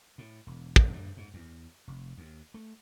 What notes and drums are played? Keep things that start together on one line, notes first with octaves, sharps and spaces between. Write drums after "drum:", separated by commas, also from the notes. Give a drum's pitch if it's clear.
A2
E1
drum: kick
G2
G#2
E2
F1
D#2
A3